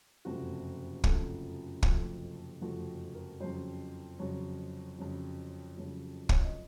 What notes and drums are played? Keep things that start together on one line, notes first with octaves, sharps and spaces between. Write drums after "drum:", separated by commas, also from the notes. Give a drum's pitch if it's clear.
F#1 F2 C3 F3 A3 F#4
F#1 F2 C3 F3 A3 A4, drum: kick
F#1 F2 C3 F3 A3, drum: kick
F#1 F2 C3 F3 A3 F#4
A#4
F2 C#3 F#3 C5
F2 C#3 F#3 C#5
F2 C#3 F#3
F2 C#3 F#3
C#5, drum: kick
D#5